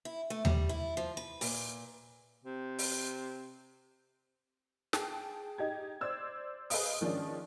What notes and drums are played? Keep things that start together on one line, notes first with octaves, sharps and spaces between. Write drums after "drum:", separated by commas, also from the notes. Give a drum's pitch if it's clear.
E4
A3
G3, drum: tom D#2
E4
F3
B4
A#2, drum: open hi-hat
C3
drum: open hi-hat
G#4 G5 A5, drum: snare
D#4 G4 G#6
C5 D5 E6 G#6
G#4 B4 C5 D#5 F5 D#6, drum: open hi-hat
D#3 F3 G#3 C#4 D4